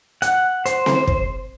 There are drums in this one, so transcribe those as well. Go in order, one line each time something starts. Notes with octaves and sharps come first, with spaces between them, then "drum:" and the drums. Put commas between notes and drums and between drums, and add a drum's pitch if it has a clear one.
F#5, drum: hi-hat
C5, drum: hi-hat
drum: snare C4
drum: kick